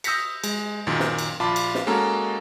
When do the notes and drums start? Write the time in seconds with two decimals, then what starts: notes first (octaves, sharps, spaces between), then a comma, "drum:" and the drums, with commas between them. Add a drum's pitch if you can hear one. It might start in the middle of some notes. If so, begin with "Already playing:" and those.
0.04 D#6 E6 G6 A#6 B6 C#7, drum: cymbal
0.44 G#3, drum: cymbal
0.87 F#2 A#2 D#3
1.00 drum: snare
1.19 drum: cymbal
1.40 A#1 F4 A5 B5 D6
1.56 drum: cymbal
1.75 drum: snare
1.87 G#3 A#3 C#4 F#4 A4 A#5